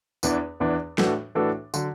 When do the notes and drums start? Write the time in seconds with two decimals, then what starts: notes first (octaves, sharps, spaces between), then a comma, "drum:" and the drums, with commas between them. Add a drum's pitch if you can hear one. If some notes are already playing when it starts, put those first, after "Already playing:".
0.23 E2 E3 B3 D4, drum: tambourine
0.60 E2 E3 B3 D4
0.98 A2 E3 D4 F#4 A4, drum: snare
1.35 A2 E3 D4 F#4 A4
1.74 D3 F#3, drum: tambourine